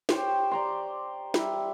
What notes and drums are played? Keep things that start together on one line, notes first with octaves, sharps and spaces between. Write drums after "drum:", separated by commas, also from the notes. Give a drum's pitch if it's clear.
G4 C5 C#5 G5, drum: snare
D5 A#5 C6
G3 E5, drum: snare